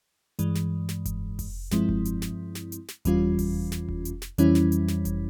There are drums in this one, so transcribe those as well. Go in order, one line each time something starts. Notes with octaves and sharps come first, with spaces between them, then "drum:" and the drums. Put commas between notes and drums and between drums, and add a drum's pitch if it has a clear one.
G2 E3 G#3, drum: hi-hat
drum: snare
drum: snare
drum: kick F1, hi-hat
drum: kick F1, open hi-hat
G2 F3 G#3 C4 E4, drum: snare
drum: kick F1
drum: hi-hat
drum: snare
drum: snare
drum: hi-hat
drum: snare
E2 E3 G3 C#4 F4, drum: kick F1, hi-hat
drum: kick F1, open hi-hat
drum: snare
drum: kick F1
drum: hi-hat
drum: snare
F2 E3 G3 C#4 E4, drum: hi-hat
drum: snare
drum: hi-hat
drum: snare
drum: kick F1, hi-hat